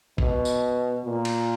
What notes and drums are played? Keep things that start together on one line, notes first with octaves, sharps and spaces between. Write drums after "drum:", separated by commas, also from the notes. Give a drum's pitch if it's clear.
B2, drum: kick A1
drum: tambourine
A#2
drum: cymbal